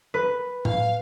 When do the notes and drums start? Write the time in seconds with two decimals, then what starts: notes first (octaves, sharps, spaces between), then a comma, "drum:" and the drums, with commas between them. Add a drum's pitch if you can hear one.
0.14 B4
0.65 F5, drum: tom A2